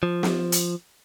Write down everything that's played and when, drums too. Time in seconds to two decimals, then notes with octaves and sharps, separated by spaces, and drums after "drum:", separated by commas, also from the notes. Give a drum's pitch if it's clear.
0.03 F3
0.23 drum: snare
0.52 drum: hi-hat